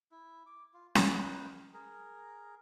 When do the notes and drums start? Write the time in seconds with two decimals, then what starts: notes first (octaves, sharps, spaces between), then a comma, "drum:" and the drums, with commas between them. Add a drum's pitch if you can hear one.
0.12 E4
0.46 D6
0.74 F4
0.95 A#4 B4 D#5 G5, drum: snare C#4
1.74 G#4 A#4